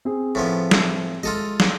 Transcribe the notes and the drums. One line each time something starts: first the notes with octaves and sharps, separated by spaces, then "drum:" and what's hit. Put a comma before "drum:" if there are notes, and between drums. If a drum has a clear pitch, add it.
C4 G#4
A2 F3 B3
drum: snare
G#3 F4 A4 D#5
drum: snare